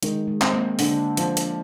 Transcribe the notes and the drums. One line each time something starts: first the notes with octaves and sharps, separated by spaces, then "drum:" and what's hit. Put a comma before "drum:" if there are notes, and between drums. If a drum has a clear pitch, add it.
D#3 G#3, drum: hi-hat
G#3
C4, drum: clap
A#3
D3 D4, drum: open hi-hat
F3, drum: hi-hat
drum: hi-hat